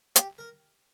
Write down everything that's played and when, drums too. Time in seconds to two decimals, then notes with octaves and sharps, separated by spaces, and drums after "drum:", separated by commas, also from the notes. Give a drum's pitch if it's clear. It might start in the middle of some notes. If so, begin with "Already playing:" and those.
0.16 G4, drum: hi-hat
0.38 A#4